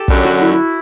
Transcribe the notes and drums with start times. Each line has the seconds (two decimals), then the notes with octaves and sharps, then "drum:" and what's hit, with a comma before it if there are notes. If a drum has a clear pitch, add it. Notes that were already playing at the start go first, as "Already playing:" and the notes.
Already playing: G4 A4
0.08 F#2 D3 F#3, drum: kick
0.25 F#4
0.41 E4
0.51 E4